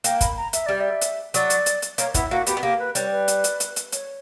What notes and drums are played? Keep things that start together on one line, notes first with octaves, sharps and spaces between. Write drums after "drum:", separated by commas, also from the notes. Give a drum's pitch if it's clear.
A#3 G5, drum: hi-hat
B5, drum: kick, hi-hat
A#5
E5, drum: hi-hat
G3 D5
E5
drum: hi-hat
F#3 D5, drum: hi-hat
drum: hi-hat
drum: hi-hat
drum: hi-hat
A#3 C#5, drum: hi-hat
B3 E4, drum: kick, hi-hat
A#3 F#4
B3 G4, drum: hi-hat
B3
A#3 G4
B4
G3 C#5, drum: hi-hat
B4
drum: hi-hat
drum: hi-hat
drum: hi-hat
drum: hi-hat
C#5, drum: hi-hat